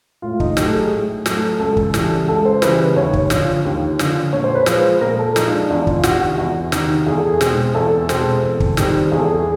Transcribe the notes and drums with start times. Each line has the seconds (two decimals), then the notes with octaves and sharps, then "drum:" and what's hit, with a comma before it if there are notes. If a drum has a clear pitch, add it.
0.22 A2 F4
0.40 D#4, drum: kick
0.57 F#3 A3 G4, drum: snare
0.74 G#4
0.92 A2
1.26 F#3 A3, drum: snare
1.59 C#2 A4
1.77 drum: kick
1.94 C#3 E3 G3, drum: snare
2.28 C#2 A4
2.45 C5
2.62 C#3 E3 G3 B4, drum: snare
2.96 D#2 C#5
3.13 drum: kick
3.30 D3 F3, drum: snare
3.65 D#2
3.99 D3 F3, drum: snare
4.33 A#2 C#5
4.44 C5
4.55 B4
4.66 F3 G#3 C5, drum: snare
5.01 A#2 A#4
5.19 A4
5.36 F3 G#3 D#4, drum: snare
5.47 D#4
5.53 D4
5.70 E2 D4
5.87 F4, drum: kick
6.03 C3 D#3 F#4, drum: snare
6.21 F#4
6.38 E2 F#4
6.72 C3 D#3, drum: snare
7.06 E2 G#4
7.17 A4
7.27 G#4
7.41 B2 G#3 C4, drum: snare
7.74 E2 A4
8.09 B2 G#3 C4, drum: snare
8.43 E2
8.60 drum: kick
8.77 C3 D#3 G3 C4, drum: snare
9.11 E2 G#4
9.19 A4
9.27 G#4